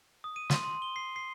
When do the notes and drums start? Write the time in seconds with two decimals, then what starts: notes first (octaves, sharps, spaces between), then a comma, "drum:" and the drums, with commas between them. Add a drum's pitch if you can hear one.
0.24 D#6
0.36 D#7
0.50 C6, drum: snare
0.64 C6
0.82 G7
0.96 C7
1.16 C7